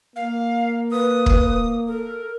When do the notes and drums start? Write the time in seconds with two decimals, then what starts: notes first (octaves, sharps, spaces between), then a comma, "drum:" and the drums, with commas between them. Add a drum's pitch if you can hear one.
0.16 A#3 F5
0.92 B4 D#6
1.26 drum: kick
1.88 A4 A#4